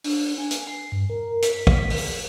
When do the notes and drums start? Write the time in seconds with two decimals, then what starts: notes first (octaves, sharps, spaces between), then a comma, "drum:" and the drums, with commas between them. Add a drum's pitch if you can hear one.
0.04 D4, drum: open hi-hat
0.38 G#5
0.51 drum: hi-hat
0.67 C7
0.92 G2
1.10 A#4
1.42 B6, drum: hi-hat
1.67 drum: kick
1.90 drum: open hi-hat